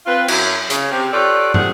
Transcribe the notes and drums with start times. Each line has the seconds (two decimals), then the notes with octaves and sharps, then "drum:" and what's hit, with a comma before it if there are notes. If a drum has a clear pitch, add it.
0.06 C4 F4 B4
0.28 F#2 F#3 E4, drum: cymbal
0.70 C#3, drum: hi-hat
0.92 C3 G4
1.13 F4 G4 A4 B4 C#5 D5
1.54 C3 F3 A3 G#4 F#5, drum: tom